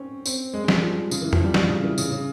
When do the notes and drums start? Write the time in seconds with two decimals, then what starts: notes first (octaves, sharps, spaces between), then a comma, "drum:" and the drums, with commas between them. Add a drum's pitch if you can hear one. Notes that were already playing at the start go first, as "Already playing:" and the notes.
Already playing: C4 C#4
0.26 C4, drum: tambourine
0.53 G#3
0.64 G#3
0.68 G3, drum: snare
0.82 F3
1.11 C#3, drum: tambourine
1.21 E3
1.33 F3, drum: tom F2
1.44 G3
1.54 G3, drum: snare
1.69 C#3
1.84 E3
1.98 C#3, drum: tambourine
2.11 C#3